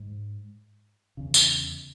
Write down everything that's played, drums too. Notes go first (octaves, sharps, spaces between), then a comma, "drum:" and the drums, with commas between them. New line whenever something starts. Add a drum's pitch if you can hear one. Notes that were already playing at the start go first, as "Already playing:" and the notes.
Already playing: G#2
E2 C#3
drum: tambourine